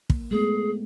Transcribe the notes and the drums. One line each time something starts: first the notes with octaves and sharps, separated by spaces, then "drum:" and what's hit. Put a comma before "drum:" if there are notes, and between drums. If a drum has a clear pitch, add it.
A#3, drum: kick
G#3 A3 B3 G#4